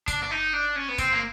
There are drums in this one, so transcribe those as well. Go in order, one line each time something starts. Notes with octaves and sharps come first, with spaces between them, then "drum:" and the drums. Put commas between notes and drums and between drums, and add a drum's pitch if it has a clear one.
D4, drum: kick G1, tambourine
D4
D#4
D4
C#4
B3
C4, drum: kick G1, tambourine
A#3